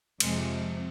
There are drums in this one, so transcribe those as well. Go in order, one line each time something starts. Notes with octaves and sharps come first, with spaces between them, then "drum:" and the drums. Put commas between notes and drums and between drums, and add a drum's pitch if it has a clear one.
F2 C3 F3 G#3, drum: cymbal